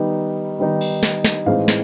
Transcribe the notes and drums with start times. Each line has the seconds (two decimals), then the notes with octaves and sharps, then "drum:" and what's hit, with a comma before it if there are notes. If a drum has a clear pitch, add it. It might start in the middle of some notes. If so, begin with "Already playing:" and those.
Already playing: D#3 G3 B3 D#4
0.59 D#3 G3 B3 D#4
0.81 drum: cymbal
1.03 drum: snare
1.25 drum: snare
1.46 A2 E3 G#3 C4 D#4 F5
1.68 drum: snare